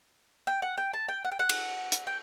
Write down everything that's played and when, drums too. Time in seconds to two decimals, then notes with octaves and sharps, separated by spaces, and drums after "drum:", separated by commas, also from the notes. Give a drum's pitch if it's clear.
0.47 G5
0.62 F#5
0.78 G5
0.93 A5
1.08 G5
1.25 F#5
1.32 G5
1.39 F#5
1.49 drum: cymbal
1.92 drum: hi-hat
2.07 G5